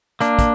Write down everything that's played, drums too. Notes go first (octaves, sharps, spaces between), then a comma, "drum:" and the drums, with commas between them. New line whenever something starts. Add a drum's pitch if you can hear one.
A#3 D4, drum: hi-hat
drum: kick, hi-hat